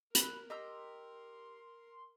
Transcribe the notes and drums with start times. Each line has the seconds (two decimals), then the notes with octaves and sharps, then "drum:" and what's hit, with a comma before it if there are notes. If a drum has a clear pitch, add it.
0.15 A#4 B5 F#6, drum: hi-hat
0.50 G4 D#5 A#5 C6 E6